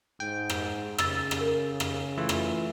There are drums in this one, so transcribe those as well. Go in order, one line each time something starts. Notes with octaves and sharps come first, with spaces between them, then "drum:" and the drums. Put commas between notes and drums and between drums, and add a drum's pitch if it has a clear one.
G#2 G5
drum: rim click
C#3 E6 A6, drum: rim click
drum: rim click
A#4
drum: rim click
E3 A3 F4
drum: rim click